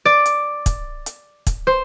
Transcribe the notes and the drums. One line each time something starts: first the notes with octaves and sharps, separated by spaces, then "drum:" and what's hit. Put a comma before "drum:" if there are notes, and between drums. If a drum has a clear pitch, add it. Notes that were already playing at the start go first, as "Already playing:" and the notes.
D5
drum: hi-hat
drum: kick, hi-hat
drum: hi-hat
drum: kick, hi-hat
C5